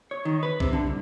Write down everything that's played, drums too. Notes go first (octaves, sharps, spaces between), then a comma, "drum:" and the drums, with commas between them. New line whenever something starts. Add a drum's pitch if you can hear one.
C#5
D#3
B4
C3, drum: kick B1
D3
C2